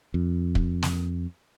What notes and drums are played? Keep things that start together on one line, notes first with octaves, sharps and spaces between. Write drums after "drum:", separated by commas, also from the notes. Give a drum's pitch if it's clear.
F2
drum: kick
drum: snare